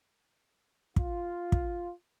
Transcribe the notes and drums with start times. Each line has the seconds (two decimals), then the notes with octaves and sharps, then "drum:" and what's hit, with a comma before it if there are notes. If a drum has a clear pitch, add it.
0.96 F4, drum: kick
1.52 drum: kick